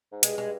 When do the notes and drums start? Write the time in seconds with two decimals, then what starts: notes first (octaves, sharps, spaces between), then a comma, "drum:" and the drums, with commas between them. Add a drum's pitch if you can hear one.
0.12 G#2
0.23 G2 G#3, drum: hi-hat
0.38 G#3